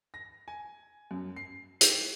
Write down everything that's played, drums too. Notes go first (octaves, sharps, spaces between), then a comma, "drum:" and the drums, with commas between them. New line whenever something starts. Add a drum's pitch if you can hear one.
A#6
G#5
F#2
C7
G4, drum: hi-hat